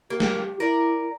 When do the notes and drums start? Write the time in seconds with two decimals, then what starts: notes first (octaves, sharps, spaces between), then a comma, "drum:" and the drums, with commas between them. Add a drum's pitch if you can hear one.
0.10 A#3 G4
0.20 drum: snare
0.60 E4 A#4 D5